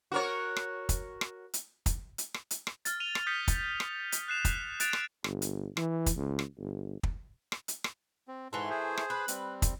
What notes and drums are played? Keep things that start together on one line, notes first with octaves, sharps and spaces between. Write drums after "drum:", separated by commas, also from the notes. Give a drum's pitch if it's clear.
F#4 A#4 C#5
drum: rim click
drum: kick, hi-hat
drum: rim click
drum: hi-hat
drum: kick, hi-hat
drum: hi-hat
drum: rim click
drum: hi-hat
drum: rim click
F6 A6, drum: hi-hat
D#7 F7 G7
drum: rim click
D#6 G6 B6 C#7
drum: kick, hi-hat
drum: rim click
drum: hi-hat
F#6 C7 E7 F7
drum: kick, hi-hat
F#6 A6 D7 F7, drum: hi-hat
drum: rim click
G1, drum: rim click
drum: hi-hat
E3, drum: rim click
drum: kick, hi-hat
C#2
drum: rim click
G1
drum: kick
drum: rim click
drum: hi-hat
drum: rim click
C4
G#2 E3 A3 C6
G#4 C5
drum: rim click
B4
G3 C4, drum: hi-hat
drum: kick, hi-hat